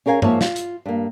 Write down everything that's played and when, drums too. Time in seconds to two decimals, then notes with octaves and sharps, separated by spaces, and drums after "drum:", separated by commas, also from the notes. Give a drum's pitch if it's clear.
0.06 C#4 G#4 A#4 F5 G#5
0.22 G#2 F3 A#3 C#5 E5 A5, drum: tom G2
0.41 F4, drum: snare
0.56 drum: hi-hat
0.86 G2 A#3